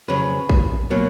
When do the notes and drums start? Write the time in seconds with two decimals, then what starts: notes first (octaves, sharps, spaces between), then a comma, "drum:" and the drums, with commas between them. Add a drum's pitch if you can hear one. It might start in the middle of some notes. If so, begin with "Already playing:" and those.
0.08 F2 C#3 F#3 B4
0.49 drum: kick
0.90 B2 F#3 A#3